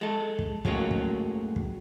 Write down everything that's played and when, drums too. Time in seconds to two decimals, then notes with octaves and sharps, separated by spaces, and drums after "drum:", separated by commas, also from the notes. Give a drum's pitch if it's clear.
0.01 G#3 A4
0.39 drum: kick
0.65 A2 F#3 G#3 A#3 C#4, drum: kick
0.91 drum: kick
1.56 drum: kick